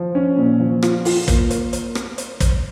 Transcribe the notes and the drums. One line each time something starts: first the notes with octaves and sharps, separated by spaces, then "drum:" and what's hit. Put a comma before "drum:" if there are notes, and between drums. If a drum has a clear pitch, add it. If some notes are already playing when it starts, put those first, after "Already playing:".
Already playing: F3
C#4
A#2
F3
F4, drum: rim click
F4, drum: open hi-hat
A#3, drum: kick, hi-hat
A#3, drum: hi-hat
drum: hi-hat
drum: rim click
drum: hi-hat
drum: kick, hi-hat